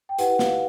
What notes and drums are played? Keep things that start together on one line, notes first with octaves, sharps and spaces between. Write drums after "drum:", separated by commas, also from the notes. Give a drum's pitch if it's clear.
G5
E4 G4 B4 F#5, drum: hi-hat
F5, drum: snare